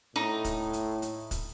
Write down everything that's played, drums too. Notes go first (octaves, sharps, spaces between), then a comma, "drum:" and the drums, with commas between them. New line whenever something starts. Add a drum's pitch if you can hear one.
A2 D#4
drum: kick, hi-hat
drum: hi-hat
drum: hi-hat
drum: kick, hi-hat